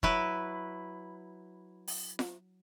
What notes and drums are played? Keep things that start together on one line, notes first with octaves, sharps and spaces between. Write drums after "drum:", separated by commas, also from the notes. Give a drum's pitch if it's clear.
F#3 E4 B4, drum: kick
drum: open hi-hat
drum: snare F4